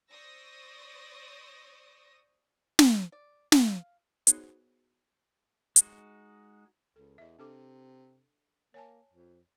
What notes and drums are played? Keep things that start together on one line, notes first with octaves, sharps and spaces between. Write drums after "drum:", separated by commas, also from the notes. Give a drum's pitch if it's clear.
C5 D5 C#6 D#6 E6 A#6
drum: snare
D5
F5, drum: snare
B3 D#4 F#4 G#4 C5 C#5, drum: hi-hat
G#3 D#4 F#4, drum: hi-hat
C#2 A4
E2 D#5 E5
C3 D4 A4 D6
A#3 C#5 G#5 A5
F2